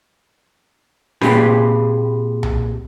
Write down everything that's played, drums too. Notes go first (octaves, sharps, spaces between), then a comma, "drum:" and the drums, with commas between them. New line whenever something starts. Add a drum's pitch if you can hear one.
A#2 C4 G4 G#4 B4 B5, drum: snare C#4
drum: tom B1